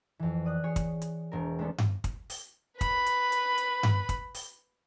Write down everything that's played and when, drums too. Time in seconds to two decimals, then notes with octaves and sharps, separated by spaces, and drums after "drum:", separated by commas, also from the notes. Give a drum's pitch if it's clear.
0.19 F2 E3
0.45 D5 D#6 F#6
0.64 G#4 C#5 G#5
0.76 drum: kick, hi-hat
1.02 drum: hi-hat
1.32 E1 A#4
1.59 G#3 A3 B3 C#4 D4 A4
1.78 drum: tom G2
2.04 drum: kick, hi-hat
2.30 drum: open hi-hat
2.81 B4 B5, drum: kick, hi-hat
3.06 drum: hi-hat
3.32 drum: hi-hat
3.58 drum: hi-hat
3.83 drum: tom G2
4.09 drum: kick, hi-hat
4.34 drum: open hi-hat